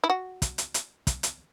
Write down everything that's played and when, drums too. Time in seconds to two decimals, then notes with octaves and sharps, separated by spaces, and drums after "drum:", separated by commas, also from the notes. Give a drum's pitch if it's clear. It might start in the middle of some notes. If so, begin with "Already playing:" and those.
0.04 E4
0.10 F#4
0.42 drum: kick, hi-hat
0.58 drum: hi-hat
0.74 drum: hi-hat
1.07 drum: kick, hi-hat
1.23 drum: hi-hat